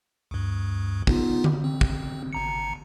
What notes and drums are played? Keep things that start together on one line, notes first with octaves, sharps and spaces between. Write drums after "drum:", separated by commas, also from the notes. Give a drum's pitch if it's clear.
D2 G2
B3 D#4 F4, drum: kick
drum: tom D3
C4
drum: kick
G#1 A#5 C#7